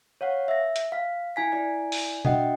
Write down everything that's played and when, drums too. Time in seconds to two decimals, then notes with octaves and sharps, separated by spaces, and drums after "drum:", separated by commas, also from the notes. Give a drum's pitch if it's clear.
0.21 C#5 F5 F#5
0.48 E5 A#6
0.76 drum: hi-hat
0.92 F5
1.36 E4 G#5 B6
1.52 E4 D5 G#5
1.92 drum: open hi-hat
2.25 D4 F#4 D#5 E5 F#5 G5, drum: tom B2